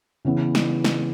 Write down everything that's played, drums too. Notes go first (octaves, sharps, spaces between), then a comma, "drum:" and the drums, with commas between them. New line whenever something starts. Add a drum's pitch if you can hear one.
C#3 E3 B3 E4
drum: snare
drum: snare